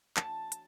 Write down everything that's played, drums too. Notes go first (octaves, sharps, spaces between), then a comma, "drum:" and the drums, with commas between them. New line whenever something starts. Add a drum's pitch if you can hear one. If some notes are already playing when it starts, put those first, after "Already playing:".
A5, drum: clap
drum: hi-hat